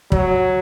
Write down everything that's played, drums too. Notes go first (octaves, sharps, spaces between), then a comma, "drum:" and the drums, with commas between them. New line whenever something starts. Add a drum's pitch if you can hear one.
F#3, drum: kick